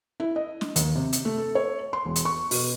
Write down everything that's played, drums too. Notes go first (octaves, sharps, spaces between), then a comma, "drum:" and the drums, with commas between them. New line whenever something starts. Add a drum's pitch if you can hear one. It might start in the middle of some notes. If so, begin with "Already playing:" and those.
E4
D#5
drum: snare
D#2, drum: hi-hat
C3
drum: hi-hat
A3
A4
C#5
C6
E1
drum: hi-hat
C#6
B2, drum: open hi-hat